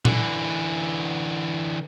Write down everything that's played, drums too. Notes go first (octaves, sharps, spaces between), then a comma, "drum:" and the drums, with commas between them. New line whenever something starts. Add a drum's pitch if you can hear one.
D3 E3, drum: tom A#2